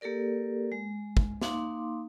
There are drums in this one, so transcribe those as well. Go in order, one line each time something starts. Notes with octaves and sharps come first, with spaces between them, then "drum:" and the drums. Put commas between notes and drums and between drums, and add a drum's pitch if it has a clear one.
A#3 G4 A4 A#4 D5
G#3
drum: kick
A#3 D#4 F5 C6 D6, drum: snare